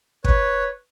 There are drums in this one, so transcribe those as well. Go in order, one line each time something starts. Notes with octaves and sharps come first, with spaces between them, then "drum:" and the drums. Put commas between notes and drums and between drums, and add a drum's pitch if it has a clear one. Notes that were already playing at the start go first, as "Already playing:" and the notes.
B4 C#5, drum: kick